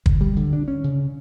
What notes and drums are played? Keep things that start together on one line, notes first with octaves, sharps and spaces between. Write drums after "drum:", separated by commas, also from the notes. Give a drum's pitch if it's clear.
D3, drum: kick
G3
D3
D4
C#4
C#3